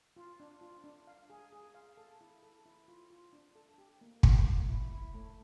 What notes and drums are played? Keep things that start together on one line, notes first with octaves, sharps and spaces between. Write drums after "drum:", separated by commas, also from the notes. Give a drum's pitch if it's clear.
F4
D4
F4
D4
F5
G#4
G#4
F5
A4
E4
A4
E4
F4
F4
D4
A4
G4
A#3
A#3, drum: kick
D#4
E4
E4
A3